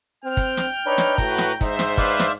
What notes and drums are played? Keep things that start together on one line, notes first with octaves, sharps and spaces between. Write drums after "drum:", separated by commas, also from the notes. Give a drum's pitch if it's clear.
C4 G5 F6
drum: kick, hi-hat
drum: snare
D4 D#4 B4 C#5
drum: snare
A2 F#4 B4 A#5, drum: kick, hi-hat
drum: snare
G#2 D#4 C5 E5, drum: kick, hi-hat
drum: snare
B4 D5 F5, drum: kick, hi-hat
drum: snare